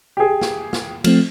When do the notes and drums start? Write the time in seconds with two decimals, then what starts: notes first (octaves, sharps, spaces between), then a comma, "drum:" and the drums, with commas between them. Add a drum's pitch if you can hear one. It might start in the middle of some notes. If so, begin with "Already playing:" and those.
0.17 G4 G#4
0.41 drum: snare
0.73 drum: snare
1.04 F3 A3 C4, drum: cymbal